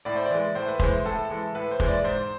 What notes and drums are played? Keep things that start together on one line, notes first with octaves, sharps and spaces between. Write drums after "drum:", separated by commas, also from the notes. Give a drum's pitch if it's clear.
A2 D5
C5
D5
E3 G#3
A2 C5
B4
E3 G#3 C5, drum: kick F1
A2 A4
E3 G#3
A2 B4
C5
E3 G#3, drum: kick F1
D5
G#2 C5